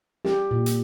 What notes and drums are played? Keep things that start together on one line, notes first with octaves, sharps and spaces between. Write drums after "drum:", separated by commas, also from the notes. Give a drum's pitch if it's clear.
G4, drum: snare
A#2
drum: hi-hat